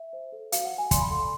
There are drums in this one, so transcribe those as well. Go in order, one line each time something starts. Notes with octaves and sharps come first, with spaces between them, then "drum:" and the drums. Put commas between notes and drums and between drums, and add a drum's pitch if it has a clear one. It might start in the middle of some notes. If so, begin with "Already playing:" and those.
Already playing: E5
C5
A4
F#4 F5, drum: hi-hat
F#5
F#4
G#5
D5 C6, drum: kick, hi-hat
B5
A4 C6